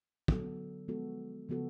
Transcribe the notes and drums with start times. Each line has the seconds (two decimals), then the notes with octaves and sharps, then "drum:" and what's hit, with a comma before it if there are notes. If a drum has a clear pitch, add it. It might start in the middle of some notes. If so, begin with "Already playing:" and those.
0.28 D3 F#3 B3 F#4 A4, drum: kick
0.88 F3 G#3 B3 F#4 A4
1.49 C#3 F3 B3 F#4 A4